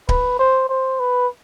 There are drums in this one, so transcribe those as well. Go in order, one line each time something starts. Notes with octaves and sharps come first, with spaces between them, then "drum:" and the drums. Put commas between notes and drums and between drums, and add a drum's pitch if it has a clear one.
B4, drum: kick D1
C5
C5
B4